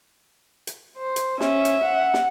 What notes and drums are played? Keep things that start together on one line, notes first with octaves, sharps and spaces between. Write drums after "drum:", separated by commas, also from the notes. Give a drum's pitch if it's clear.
drum: hi-hat
C5
drum: hi-hat
C#4 E5, drum: snare
drum: hi-hat
F#5
drum: snare